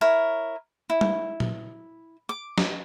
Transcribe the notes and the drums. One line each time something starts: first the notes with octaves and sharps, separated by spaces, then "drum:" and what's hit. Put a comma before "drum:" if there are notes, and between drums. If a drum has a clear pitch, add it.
E4 A#4 C#5
E4
drum: tom G3
drum: tom A#2
D6
drum: snare